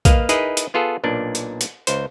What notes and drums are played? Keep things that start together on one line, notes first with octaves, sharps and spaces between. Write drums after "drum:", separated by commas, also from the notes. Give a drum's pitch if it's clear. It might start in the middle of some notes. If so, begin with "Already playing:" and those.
A#3 B4 D#5 F5, drum: kick, hi-hat
D#4 E4 G#4 A#4 B4 D#5, drum: hi-hat
drum: hi-hat
B3 F4 G#4 A4
B1 A#2 D4
drum: hi-hat
drum: hi-hat
C#2 C5, drum: hi-hat